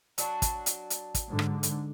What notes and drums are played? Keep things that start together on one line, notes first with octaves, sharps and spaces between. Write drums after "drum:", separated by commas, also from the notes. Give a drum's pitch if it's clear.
F#3 D4 F#4, drum: hi-hat
drum: kick, hi-hat
drum: hi-hat
drum: hi-hat
drum: kick, hi-hat
G#2 D3
drum: rim click
drum: hi-hat